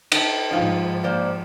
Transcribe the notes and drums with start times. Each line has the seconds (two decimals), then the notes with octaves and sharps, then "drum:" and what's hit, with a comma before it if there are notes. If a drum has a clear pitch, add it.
0.12 D#4 A4, drum: cymbal
0.51 G#2 F3 D#4 F4
1.04 A#3 C5 D5